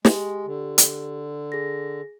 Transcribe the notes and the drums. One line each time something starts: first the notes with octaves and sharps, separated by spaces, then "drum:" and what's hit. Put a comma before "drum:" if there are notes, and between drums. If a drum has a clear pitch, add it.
G#3 G4, drum: snare
D3
drum: hi-hat
G#4 A#6